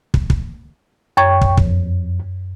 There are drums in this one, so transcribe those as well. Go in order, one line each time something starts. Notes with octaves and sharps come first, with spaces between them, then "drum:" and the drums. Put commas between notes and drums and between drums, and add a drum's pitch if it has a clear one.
drum: kick
drum: kick
F#2 C#5 G5 C#6 G#6
drum: kick
F2, drum: kick